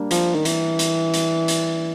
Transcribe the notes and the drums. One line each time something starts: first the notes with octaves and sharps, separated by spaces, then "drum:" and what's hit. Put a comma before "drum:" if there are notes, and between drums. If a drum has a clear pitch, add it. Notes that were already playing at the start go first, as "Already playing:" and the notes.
Already playing: G3 A#3 D4
F3, drum: hi-hat
D#3
E3, drum: hi-hat
drum: hi-hat
drum: hi-hat
drum: hi-hat